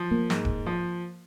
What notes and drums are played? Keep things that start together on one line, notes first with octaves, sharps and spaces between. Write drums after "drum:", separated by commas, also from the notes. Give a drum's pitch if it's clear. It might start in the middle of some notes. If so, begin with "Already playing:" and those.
Already playing: F3
A#3
G#2, drum: snare
drum: kick D#1
F3